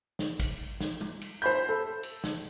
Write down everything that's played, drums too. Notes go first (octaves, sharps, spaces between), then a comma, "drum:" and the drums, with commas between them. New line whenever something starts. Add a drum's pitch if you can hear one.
drum: snare
drum: kick, cymbal
drum: snare
drum: tom G3
drum: cymbal
C5 B5 G6
A4
drum: cymbal
drum: snare